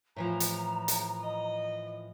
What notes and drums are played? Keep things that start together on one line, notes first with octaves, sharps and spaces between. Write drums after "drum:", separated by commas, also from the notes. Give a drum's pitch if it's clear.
A2 E3 F3 A#5
drum: hi-hat
drum: hi-hat
D#5